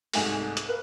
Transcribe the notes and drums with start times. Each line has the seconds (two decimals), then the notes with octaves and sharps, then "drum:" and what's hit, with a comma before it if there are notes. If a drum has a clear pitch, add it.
0.14 C2 G#2 A3 F#4 G#5, drum: open hi-hat
0.42 G#4 D#5
0.57 drum: hi-hat
0.68 A#4 B4 F5